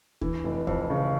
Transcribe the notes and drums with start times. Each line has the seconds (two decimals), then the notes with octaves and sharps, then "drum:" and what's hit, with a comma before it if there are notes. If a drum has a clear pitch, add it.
0.21 E3, drum: kick D2
0.44 F1
0.67 F2, drum: kick D2
0.90 C#3